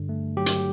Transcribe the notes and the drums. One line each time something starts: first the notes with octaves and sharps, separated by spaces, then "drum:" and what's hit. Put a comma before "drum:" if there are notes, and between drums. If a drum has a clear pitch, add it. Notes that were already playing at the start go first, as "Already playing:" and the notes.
Already playing: G2 D3
A3
F#3 G4
drum: hi-hat